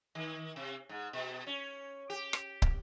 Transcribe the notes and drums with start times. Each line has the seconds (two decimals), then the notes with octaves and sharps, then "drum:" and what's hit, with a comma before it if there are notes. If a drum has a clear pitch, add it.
0.15 D#3
0.56 C3
0.89 G#2
1.13 B2
1.47 C#4
2.10 G4
2.33 drum: rim click
2.62 drum: kick